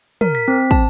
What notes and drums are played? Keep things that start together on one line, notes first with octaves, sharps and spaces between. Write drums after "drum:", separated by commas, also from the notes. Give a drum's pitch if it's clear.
A#4, drum: tom
B6
C4
A5, drum: kick